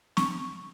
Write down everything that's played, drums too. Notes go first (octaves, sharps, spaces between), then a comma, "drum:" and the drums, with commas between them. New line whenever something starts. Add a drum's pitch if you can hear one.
C#6, drum: snare C4